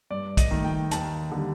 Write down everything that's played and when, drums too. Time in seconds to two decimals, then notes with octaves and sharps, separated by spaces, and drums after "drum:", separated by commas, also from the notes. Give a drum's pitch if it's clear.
0.10 G2 D5
0.37 D#5, drum: kick, hi-hat
0.51 D#3 A3
0.64 G5
0.91 D#2 A5, drum: hi-hat
1.32 D3 G3